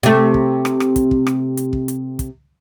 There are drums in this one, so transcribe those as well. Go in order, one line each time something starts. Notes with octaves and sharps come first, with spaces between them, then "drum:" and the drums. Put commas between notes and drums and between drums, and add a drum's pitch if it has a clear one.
C3 A3, drum: hi-hat
drum: kick
drum: rim click
drum: rim click
drum: kick, hi-hat
drum: kick
drum: rim click
drum: hi-hat
drum: kick
drum: hi-hat
drum: kick, hi-hat